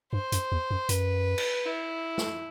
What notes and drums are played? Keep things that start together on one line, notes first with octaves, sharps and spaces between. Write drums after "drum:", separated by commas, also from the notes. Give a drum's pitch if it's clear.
G2 C5
F#2, drum: hi-hat
E2
F#2
F#2 B4, drum: hi-hat
drum: cymbal
E4
drum: snare